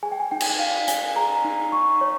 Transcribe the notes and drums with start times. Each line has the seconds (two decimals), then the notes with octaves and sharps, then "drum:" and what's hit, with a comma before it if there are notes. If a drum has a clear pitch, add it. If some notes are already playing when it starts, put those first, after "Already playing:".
0.03 G#4 G#5
0.12 G5
0.20 G#5
0.31 D#4 G5
0.41 drum: cymbal
0.50 G5
0.59 D#4 F5
0.88 C#5 G#5, drum: hi-hat
1.16 G#4 A#5
1.45 D#4
1.72 D#4 C#6
2.01 C#5